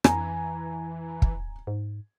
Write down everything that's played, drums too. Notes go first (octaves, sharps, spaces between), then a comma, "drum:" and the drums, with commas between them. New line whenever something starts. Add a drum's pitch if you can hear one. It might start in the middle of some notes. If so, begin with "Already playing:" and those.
F2 E3 G#5 A#5, drum: rim click
drum: kick
G#2